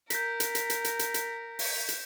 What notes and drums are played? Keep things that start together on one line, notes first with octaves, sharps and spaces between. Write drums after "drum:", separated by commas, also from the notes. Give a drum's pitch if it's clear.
A#4 G6 A#6 B6, drum: hi-hat
drum: hi-hat
drum: hi-hat
drum: hi-hat
drum: hi-hat
drum: hi-hat
drum: hi-hat
drum: open hi-hat
drum: hi-hat